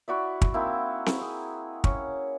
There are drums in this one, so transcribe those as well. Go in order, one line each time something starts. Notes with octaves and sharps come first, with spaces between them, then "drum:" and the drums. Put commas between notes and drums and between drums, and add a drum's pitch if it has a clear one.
E4 F#4 D5 E5
drum: kick
A#3 C4 D#4 E4
drum: snare C4
G#4 E6
C#4, drum: kick